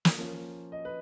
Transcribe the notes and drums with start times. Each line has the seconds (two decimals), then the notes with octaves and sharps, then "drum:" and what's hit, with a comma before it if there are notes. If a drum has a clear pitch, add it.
0.05 drum: snare
0.18 F3 A#3 C#4
0.72 D#5
0.85 B4